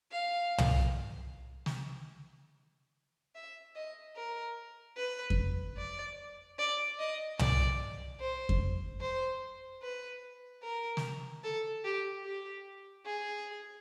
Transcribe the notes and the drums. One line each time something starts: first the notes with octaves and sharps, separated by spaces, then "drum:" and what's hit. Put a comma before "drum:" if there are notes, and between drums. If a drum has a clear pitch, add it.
F5
drum: tom
drum: snare
E5
D#5
A#4
B4
drum: kick F2
D5
D5
D#5
D5, drum: tom
C5
drum: kick F2
C5
B4
A#4
drum: snare
A4
G4
G4
G#4